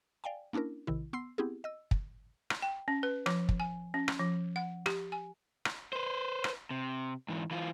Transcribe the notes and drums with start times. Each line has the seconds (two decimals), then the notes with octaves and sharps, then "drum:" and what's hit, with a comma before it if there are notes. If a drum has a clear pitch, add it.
0.24 D5 F5 G5 G#5
0.53 A#3 C#4 D4 E4 A#4
0.87 A#1 C3 D#3 E4
1.13 B3 C6 E6 C7
1.38 B3 C4 E4 G4 G#4
1.64 D#5 E6
1.91 drum: kick
2.50 drum: rim click
2.62 G5
2.88 C#4
3.03 B4
3.26 F3, drum: rim click
3.49 drum: kick
3.60 G#5
3.94 C#4
4.08 drum: rim click
4.19 F3
4.56 F#5
4.86 G4, drum: rim click
5.12 G#5
5.65 drum: rim click
5.93 B4 C5
6.44 drum: rim click
6.71 C3
7.29 G#2 E3
7.51 E3 F4